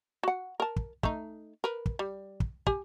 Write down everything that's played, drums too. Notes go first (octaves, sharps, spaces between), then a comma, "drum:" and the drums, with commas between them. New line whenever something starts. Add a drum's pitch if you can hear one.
F#4 F#5
A#4 A5
drum: kick
A3 D#4, drum: kick
A#4 B4
drum: kick
G3
drum: kick
G4 G#5, drum: kick